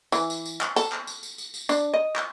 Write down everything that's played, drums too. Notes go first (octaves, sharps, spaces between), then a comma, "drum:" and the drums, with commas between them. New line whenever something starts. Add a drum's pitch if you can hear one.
E3, drum: tambourine
drum: tambourine
drum: tambourine
drum: clap
A4, drum: tambourine
drum: clap
drum: tambourine
drum: tambourine
drum: tambourine
drum: tambourine
D4, drum: tambourine
D#5
drum: clap